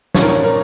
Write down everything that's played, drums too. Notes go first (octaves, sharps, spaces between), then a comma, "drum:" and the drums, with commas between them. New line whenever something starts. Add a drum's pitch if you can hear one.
A#2 F3 C#4 C#5, drum: snare
A#4
C#5
A#4